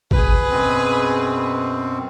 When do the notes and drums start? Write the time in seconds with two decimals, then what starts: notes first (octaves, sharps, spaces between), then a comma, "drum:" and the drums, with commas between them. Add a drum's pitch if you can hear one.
0.11 G#4 B4, drum: kick G#1
0.50 F#2 B2 C4